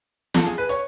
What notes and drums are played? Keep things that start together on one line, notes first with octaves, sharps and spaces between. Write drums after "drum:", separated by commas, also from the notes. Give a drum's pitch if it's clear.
A4, drum: snare
G#4
B4
C#5, drum: hi-hat